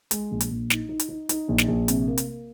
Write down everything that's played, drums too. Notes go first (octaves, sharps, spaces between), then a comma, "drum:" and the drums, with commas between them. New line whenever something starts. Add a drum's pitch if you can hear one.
G#3, drum: hi-hat
A#1
drum: hi-hat
A#1
D#4, drum: snare
D#4
drum: hi-hat
D#4
D#4, drum: hi-hat
A#1
drum: snare
A#1
C3, drum: hi-hat
A#3
drum: hi-hat
A#3